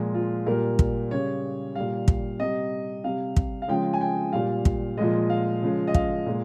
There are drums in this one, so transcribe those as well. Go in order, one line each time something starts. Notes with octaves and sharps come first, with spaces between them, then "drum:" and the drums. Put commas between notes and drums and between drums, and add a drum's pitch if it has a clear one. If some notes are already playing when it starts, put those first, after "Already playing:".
Already playing: A#2 F3 G#3
F4
A#2 G3 A#4
drum: kick
C#3 G3 C#5
A#2 G3 F5
drum: kick
C3 G3 D#5
C3 G3 F5
drum: kick
F5
C#3 F3 G#3 G5
G#5
G5
A#2 G3 F5
drum: kick
A#2 F3 G#3 D#5
F5
C#3 F3 G#3
D#5
F5, drum: kick
A#2 G#3